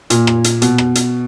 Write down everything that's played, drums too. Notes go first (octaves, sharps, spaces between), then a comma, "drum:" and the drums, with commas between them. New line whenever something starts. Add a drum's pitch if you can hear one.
A#2, drum: hi-hat
drum: rim click
drum: hi-hat
B2, drum: hi-hat
drum: rim click
drum: hi-hat